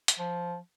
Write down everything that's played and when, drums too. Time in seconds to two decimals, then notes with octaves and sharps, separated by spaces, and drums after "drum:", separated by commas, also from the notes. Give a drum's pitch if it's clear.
0.08 drum: hi-hat
0.19 F3